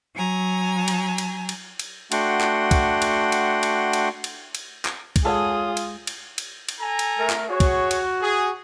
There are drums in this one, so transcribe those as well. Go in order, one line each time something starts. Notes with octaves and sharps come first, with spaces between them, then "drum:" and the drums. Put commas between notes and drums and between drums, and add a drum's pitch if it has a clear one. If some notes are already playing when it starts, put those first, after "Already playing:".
F#3 G#5 A#5
drum: cymbal
drum: cymbal
drum: cymbal
drum: cymbal
A3 D4 F#4 F#5 G5 C6, drum: cymbal
drum: clap
drum: kick, cymbal
drum: cymbal
drum: cymbal
drum: cymbal
drum: cymbal
drum: cymbal
drum: cymbal
drum: clap
drum: kick, cymbal
G#3 F4 G#4 A4 C#5 F#5 D#6
drum: cymbal
drum: cymbal
drum: cymbal
drum: cymbal
A4 G#5 A#5
drum: cymbal
A3 A#4
drum: clap
F#4 G#4 C#5
drum: kick, cymbal
drum: cymbal
G#4